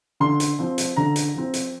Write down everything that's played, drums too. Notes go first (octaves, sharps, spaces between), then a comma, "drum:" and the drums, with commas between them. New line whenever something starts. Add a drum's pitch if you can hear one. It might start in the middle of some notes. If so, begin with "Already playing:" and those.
D3 C6
drum: hi-hat
F3 C4
drum: hi-hat
D3 A#5
drum: hi-hat
F3 C4
drum: hi-hat